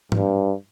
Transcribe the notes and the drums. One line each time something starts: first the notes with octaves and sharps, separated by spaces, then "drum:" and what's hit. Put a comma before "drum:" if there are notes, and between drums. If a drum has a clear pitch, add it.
G2, drum: tom G#2